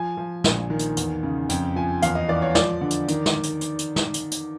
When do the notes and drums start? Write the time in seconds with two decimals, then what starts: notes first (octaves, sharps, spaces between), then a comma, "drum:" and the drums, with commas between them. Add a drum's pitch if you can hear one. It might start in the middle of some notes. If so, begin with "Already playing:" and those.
Already playing: F3 G#5
0.17 F3
0.44 A#1, drum: snare
0.70 D#3
0.79 drum: hi-hat
0.97 E2, drum: hi-hat
1.23 C#3
1.49 F2 G5, drum: hi-hat
1.76 F3 G#5
2.02 E2 F5, drum: hi-hat
2.15 D#5
2.29 E3 D5
2.42 C#5
2.55 F3 D5, drum: snare
2.81 D3
2.91 drum: hi-hat
3.08 D#3, drum: hi-hat
3.26 drum: snare
3.43 drum: hi-hat
3.61 drum: hi-hat
3.79 drum: hi-hat
3.96 drum: snare
4.14 drum: hi-hat
4.31 drum: hi-hat